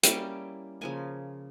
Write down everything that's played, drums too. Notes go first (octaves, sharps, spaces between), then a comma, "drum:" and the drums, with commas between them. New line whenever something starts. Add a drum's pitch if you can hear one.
G3 A#3 C#4 E4 G5, drum: hi-hat
C#3 F3 A#3 G#5